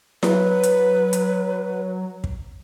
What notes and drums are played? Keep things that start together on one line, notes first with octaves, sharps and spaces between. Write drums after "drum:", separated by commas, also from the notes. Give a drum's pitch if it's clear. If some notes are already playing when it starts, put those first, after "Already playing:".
F#3 B4, drum: snare E4
drum: hi-hat
drum: hi-hat
drum: kick